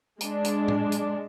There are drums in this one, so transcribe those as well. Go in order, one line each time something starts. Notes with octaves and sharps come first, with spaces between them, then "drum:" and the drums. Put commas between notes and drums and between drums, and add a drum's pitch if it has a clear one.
G#3 D4, drum: hi-hat
drum: hi-hat
drum: tom A2
drum: hi-hat